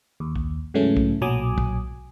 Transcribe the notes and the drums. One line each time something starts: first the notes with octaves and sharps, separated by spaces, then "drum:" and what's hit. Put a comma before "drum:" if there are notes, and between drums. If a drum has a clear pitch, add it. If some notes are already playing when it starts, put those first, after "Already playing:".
D#2
drum: kick
G#2 C#3 E3 F#3 A3 C#4
drum: kick
B1 A#2 F#3 G#5 D6 D#6
drum: kick